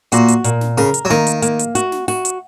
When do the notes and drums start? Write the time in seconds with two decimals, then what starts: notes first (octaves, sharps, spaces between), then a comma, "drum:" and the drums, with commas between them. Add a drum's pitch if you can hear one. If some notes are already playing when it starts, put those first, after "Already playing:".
0.12 A#2 F#4, drum: hi-hat
0.28 drum: hi-hat
0.44 A#2, drum: hi-hat
0.61 drum: snare
0.78 C#3 A#4, drum: open hi-hat
0.94 drum: hi-hat
1.05 F#3
1.10 D#3 A#3, drum: snare
1.27 drum: hi-hat
1.42 A#3, drum: hi-hat
1.59 drum: hi-hat
1.75 F#4, drum: hi-hat
1.92 drum: snare
2.08 F#4, drum: open hi-hat
2.25 drum: hi-hat